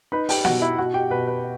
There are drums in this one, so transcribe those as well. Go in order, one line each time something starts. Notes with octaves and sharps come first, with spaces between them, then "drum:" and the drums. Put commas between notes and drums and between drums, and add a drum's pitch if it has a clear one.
D#4 B4 B5
G4 G5, drum: open hi-hat
B2 F#4 F#5, drum: snare
E4 E5
B2 F#4 F#5
G4 G5
B2 B4
B4